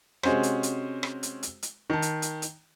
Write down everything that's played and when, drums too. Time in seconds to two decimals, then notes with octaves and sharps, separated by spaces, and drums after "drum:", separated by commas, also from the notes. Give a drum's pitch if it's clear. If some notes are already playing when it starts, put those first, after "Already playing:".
0.23 C3 G#3 C#4 F#4 C5, drum: rim click
0.43 drum: hi-hat
0.63 drum: hi-hat
1.03 drum: rim click
1.23 drum: hi-hat
1.43 drum: hi-hat
1.63 drum: hi-hat
1.90 D#3 A5
2.02 drum: hi-hat
2.22 drum: hi-hat
2.42 drum: hi-hat